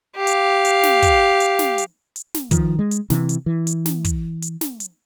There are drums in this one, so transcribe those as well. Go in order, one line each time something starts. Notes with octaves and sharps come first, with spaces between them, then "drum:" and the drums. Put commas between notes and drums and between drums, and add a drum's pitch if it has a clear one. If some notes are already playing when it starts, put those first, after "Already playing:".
G4 F5
drum: hi-hat
drum: hi-hat
drum: snare
drum: kick, hi-hat
drum: hi-hat
drum: snare
drum: hi-hat
drum: hi-hat
drum: snare
D#3 F3, drum: kick, hi-hat
G#3
drum: hi-hat
C3 E3, drum: snare
drum: hi-hat
E3
drum: hi-hat
drum: snare
drum: kick, hi-hat
drum: hi-hat
drum: snare
drum: hi-hat